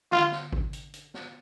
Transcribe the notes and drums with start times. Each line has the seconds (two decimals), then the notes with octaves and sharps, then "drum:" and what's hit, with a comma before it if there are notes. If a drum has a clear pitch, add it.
0.12 F4, drum: tom D3
0.32 drum: snare
0.52 drum: kick G#1
0.73 drum: hi-hat
0.94 drum: hi-hat
1.14 drum: snare